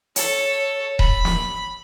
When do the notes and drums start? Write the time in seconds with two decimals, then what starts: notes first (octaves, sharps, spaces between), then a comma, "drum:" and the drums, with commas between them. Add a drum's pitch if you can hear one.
0.16 A4 C#5, drum: hi-hat
0.99 B5, drum: kick D#1
1.25 drum: snare